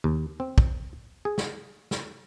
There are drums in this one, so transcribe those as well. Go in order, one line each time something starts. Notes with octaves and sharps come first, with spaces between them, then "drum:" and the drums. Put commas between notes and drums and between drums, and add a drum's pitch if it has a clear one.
D#2
C4
drum: kick
G#4
drum: snare
drum: snare